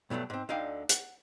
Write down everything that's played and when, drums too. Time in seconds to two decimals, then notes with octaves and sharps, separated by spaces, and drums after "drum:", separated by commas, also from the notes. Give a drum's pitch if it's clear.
0.10 G2 B2 F#3 G#3 A3
0.30 G#2 C4
0.49 D2 D3 D#4 D#5 F5 G5
0.89 F#5, drum: hi-hat